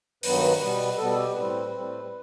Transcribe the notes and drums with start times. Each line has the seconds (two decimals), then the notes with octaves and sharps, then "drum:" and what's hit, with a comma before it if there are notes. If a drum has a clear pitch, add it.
0.23 G2 D#3 F#3 B3 B4, drum: open hi-hat
0.60 B2 G3 B3 B4
0.98 B2 G3 B3 A4
1.16 G4
1.33 A2 G3 C4 B4
1.71 A2 G3 C4